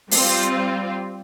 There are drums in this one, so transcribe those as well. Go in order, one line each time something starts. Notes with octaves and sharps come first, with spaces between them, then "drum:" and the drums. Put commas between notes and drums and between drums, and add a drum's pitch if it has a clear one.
G3 C4 F4, drum: open hi-hat